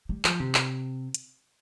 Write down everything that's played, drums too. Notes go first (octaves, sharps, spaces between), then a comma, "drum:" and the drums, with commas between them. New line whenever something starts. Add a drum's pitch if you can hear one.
G3
F3, drum: clap
C3
drum: clap
drum: hi-hat